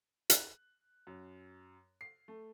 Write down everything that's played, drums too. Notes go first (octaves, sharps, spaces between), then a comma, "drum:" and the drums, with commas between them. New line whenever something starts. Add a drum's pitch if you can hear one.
F#6, drum: hi-hat
F#2
C7
A3